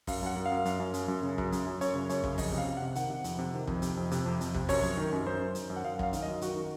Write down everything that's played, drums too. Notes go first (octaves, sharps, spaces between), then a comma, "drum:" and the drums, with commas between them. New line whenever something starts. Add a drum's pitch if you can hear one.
F#2 F5, drum: kick, open hi-hat
F#2 F#5
F#2
F5
F#2
F#2, drum: hi-hat
F#2
F#2, drum: hi-hat
F#2
C#3
F#2, drum: kick
F#2, drum: hi-hat
F#2
F#2 C#5, drum: hi-hat
C#3
F#2 C#5, drum: hi-hat
C#3, drum: kick
F2 D#5, drum: kick, open hi-hat
C3
F5
C3
F#5
C3
D#3 F#5, drum: hi-hat
C3
F2, drum: hi-hat
C3
D#3
F2, drum: kick
C3, drum: hi-hat
F2
C3, drum: hi-hat
F2
F2, drum: hi-hat
C3, drum: kick
F#2 C#5, drum: kick, open hi-hat
F#2
D#3
F#2
F#2 C5
D#3
F#2, drum: hi-hat
F#2
F#5
F#2 F5
F#2 F5, drum: kick
D#3, drum: hi-hat
D#5
F#2
D#3 F#4, drum: hi-hat
D#3